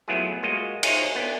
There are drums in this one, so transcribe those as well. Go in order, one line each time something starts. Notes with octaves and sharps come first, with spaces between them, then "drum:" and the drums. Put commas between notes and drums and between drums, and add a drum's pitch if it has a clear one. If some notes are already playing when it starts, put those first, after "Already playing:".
F#3 A3 B3 E4 F4 G#4
G#3 A#3 F4 F#4 D#5
D#4 F4 G#4 C5 C#5, drum: cymbal
B3 D4